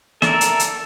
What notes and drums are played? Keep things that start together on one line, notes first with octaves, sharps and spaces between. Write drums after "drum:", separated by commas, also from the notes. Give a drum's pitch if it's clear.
A4 A#4 D5 E5, drum: snare
drum: hi-hat
drum: hi-hat